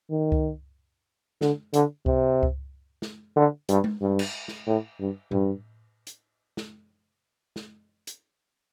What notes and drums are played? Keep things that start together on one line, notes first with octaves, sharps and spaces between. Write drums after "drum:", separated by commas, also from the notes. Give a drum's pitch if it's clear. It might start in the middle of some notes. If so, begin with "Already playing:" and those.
D#3
drum: kick C#2
D3, drum: snare
D3, drum: hi-hat
C3, drum: kick C#2
drum: kick C#2
drum: snare
D3
G2, drum: hi-hat
drum: tom G#3
G2
drum: cymbal
drum: snare
A2
G2
G2, drum: tom A2
drum: hi-hat
drum: snare
drum: snare
drum: hi-hat